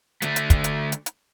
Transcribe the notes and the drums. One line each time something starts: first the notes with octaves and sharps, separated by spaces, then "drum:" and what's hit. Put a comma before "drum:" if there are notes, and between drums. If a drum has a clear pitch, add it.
D3 A3, drum: hi-hat
drum: hi-hat
drum: kick, hi-hat
drum: hi-hat
drum: hi-hat
drum: hi-hat